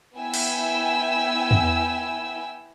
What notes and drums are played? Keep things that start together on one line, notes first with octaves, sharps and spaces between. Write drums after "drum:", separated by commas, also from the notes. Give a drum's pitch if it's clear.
B3 E4 G5 G#5 E6
drum: cymbal
drum: tom E2